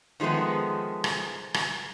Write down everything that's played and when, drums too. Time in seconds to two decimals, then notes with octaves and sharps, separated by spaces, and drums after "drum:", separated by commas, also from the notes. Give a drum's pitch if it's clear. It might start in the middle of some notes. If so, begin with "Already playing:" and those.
0.20 D#3 F3 G#3 A3 B3
1.04 drum: rim click
1.54 drum: rim click